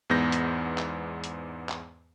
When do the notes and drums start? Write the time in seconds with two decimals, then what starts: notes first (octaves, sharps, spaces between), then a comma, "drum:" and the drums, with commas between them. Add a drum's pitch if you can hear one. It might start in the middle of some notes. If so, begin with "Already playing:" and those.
0.10 E2 G#2 B3 G6 A#6
0.32 drum: hi-hat
0.78 drum: clap
1.24 drum: hi-hat
1.69 drum: clap